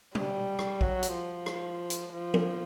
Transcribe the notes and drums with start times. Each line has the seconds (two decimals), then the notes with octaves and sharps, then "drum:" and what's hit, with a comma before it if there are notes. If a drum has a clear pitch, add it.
0.15 G3, drum: tom B2
0.59 drum: rim click
0.81 F#3, drum: kick A#1
1.03 drum: hi-hat
1.14 F3
1.46 drum: rim click
1.90 drum: hi-hat
2.12 F3
2.34 drum: tom F3